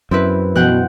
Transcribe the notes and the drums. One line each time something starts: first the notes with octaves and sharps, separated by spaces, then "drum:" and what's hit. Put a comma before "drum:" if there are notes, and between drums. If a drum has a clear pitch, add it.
F#2 C4 E4 B4
B2 F#5 G5 F#6, drum: tom E3